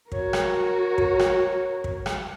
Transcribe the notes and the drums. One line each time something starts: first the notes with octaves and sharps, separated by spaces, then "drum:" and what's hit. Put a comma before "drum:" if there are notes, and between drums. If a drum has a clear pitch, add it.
F#4 A#4 C#5, drum: kick
drum: rim click
drum: kick
drum: rim click
drum: kick
drum: rim click